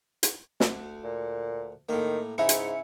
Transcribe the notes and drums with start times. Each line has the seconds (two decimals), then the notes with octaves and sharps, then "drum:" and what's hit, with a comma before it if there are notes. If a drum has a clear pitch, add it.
0.23 drum: hi-hat
0.60 D2, drum: snare
1.03 A#2
1.89 A2 D#3 A#3
2.38 G#2 C#3 E4 E5 C#7
2.49 drum: hi-hat